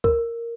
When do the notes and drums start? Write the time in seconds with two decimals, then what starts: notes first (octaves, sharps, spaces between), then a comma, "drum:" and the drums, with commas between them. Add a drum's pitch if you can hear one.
0.04 A#4, drum: kick